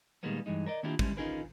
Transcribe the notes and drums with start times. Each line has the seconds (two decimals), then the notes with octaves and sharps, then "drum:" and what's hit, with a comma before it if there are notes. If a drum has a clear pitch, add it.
0.23 A#2 D#3 G3 G#3 A#3 B3
0.46 G2 E3 G#3 D#4
0.66 A#4 D5 D#5
0.83 D#3 A#3 D4 E4 F4 G4
0.99 G3 G#3 C#4 E4, drum: kick
1.17 C#4 D#4 F4 G#4 A#4 B4